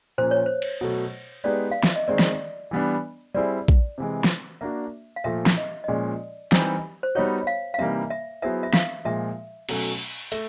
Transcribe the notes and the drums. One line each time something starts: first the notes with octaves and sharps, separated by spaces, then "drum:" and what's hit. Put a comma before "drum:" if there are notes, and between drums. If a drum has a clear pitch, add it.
A#2 F3 A#3 C#4 C5
C#5
C5
drum: cymbal
B2 F#3 A3
G#3 B3 D#4 G4 B4 D5
F5
E5, drum: snare
D#5
D#3 G#3 C4 D5
drum: snare
E3 G3 B3 D4
G3 C4 E4 G#4 D5
drum: kick A#1
C3 E3 G#3
drum: snare
A#3 D4 F#4 E5
F5
A#2 F3 A3 E5
drum: snare
D#5
D#5
A#2 F3 G#3 C#4 D5
E3 G3 C4 D#4 G4, drum: snare
C5
G3 B3 D#4 F#4 C#5
F5
F5
C3 E3 G3 A#3 D#4 E5
E5
F#3 B3 E4 G#4 C5 E5
E5
F5, drum: snare
A#2 F3 G#3 E5
B2 F#3 A3 C#4, drum: cymbal
A3 E5, drum: open hi-hat